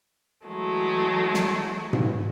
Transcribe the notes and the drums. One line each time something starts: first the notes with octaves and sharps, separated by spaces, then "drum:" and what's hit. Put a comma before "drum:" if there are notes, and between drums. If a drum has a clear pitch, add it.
E3 F#3 G#3 A3
drum: snare
drum: tom G#2